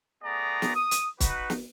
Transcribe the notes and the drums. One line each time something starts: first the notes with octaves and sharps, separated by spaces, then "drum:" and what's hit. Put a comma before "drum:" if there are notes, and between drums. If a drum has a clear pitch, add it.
A3 B3 G#4 D5 A#5
drum: snare
D#6
drum: hi-hat
D#4 F#4 B4, drum: kick, hi-hat
drum: snare